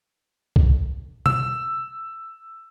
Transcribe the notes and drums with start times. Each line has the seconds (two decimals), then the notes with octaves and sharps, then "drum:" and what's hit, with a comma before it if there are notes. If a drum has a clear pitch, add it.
0.56 drum: kick C2
1.26 E6, drum: tom B2